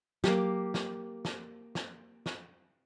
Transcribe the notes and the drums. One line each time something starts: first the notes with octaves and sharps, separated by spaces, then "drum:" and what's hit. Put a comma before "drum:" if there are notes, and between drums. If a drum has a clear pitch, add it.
F#3 A#3 G4, drum: snare
drum: snare
drum: snare
drum: snare
drum: snare